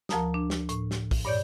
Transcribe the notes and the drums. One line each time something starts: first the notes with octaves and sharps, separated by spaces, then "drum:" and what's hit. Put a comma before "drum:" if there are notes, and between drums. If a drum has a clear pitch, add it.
D2 F3 A#4 A5 A#5 D#6, drum: snare
D4
drum: snare
A2, drum: hi-hat
drum: snare
drum: kick, open hi-hat
G2 A#2 C#5 D5 G6